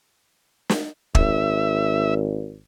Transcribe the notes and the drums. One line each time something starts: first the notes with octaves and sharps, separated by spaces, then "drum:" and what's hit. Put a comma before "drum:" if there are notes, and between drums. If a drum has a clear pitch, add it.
drum: snare
G#1 E5, drum: kick